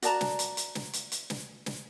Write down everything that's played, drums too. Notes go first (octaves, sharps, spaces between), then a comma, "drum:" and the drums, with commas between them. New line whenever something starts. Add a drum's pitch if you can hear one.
F#4 D5 A5 A#5, drum: hi-hat
drum: snare
drum: hi-hat
drum: hi-hat
drum: snare
drum: hi-hat
drum: hi-hat
drum: snare
drum: snare